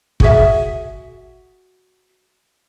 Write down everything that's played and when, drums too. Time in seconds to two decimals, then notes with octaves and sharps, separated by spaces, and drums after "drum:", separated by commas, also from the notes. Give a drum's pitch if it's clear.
0.20 F#4 G#4 E5, drum: kick